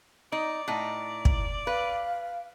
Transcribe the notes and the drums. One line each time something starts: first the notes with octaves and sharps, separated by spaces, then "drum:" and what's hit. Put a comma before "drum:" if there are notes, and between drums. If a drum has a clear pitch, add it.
D#4 D5
A2 D#4
drum: kick
B4 F5